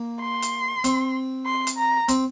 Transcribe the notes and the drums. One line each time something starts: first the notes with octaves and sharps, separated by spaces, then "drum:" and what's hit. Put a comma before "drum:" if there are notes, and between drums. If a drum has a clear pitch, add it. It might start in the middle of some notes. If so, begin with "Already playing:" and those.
Already playing: A#3
C6
drum: hi-hat
C4, drum: hi-hat
C6
drum: hi-hat
A#5
C4, drum: hi-hat